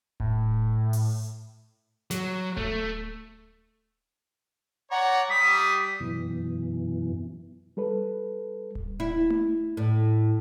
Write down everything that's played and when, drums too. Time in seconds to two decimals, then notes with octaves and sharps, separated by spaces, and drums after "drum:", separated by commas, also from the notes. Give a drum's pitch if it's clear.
0.20 A2, drum: kick D1
0.93 drum: open hi-hat
2.11 F#3, drum: snare
2.57 A3, drum: kick D1
4.91 C#5 D5 F#5 A#5
5.30 G3 D#6 B6
6.00 F#2 B2 E3
7.77 G3 A4 B4
8.75 drum: kick D1
9.00 E4
9.30 drum: tom A3
9.77 A2